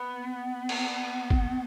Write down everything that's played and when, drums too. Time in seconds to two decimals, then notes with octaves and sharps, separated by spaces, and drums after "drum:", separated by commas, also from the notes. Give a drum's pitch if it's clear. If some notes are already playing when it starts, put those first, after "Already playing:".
Already playing: B3
0.69 drum: cymbal
1.30 drum: kick